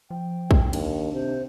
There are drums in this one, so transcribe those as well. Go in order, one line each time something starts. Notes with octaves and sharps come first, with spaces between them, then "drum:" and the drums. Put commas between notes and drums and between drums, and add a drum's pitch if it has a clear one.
F3 G5
drum: kick
D#2 D4, drum: cymbal
C3 C5